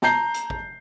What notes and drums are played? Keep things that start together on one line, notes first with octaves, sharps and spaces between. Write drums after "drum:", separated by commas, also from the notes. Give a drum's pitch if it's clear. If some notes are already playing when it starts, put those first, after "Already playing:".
A5 A#5 G6 C7, drum: snare
drum: hi-hat
drum: kick